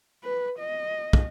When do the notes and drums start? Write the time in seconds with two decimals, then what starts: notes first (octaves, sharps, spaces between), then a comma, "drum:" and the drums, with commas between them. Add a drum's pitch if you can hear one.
0.23 B4
0.59 D#5
1.13 drum: kick